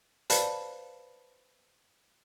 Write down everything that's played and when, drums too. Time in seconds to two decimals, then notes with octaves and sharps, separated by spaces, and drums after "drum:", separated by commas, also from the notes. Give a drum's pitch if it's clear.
0.30 B4 C5 D5 F5 A5 B5, drum: hi-hat